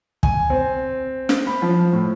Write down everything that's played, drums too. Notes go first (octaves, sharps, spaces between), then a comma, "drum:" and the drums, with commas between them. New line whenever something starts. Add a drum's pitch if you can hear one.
G#5, drum: kick
C4
drum: snare
B5
F3
A2